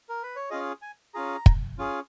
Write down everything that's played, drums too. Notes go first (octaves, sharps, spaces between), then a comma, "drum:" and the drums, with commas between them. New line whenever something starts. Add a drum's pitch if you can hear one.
A#4
B4
C#5
C#4 F4 G#4 D#5
G#5
C#4 F4 G#4 A#5
drum: kick
C#4 F4 G#4